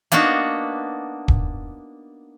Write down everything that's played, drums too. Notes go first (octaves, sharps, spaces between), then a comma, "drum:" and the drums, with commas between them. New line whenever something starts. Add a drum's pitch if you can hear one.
A#3 B3 D4 D#4 F#4, drum: hi-hat
drum: kick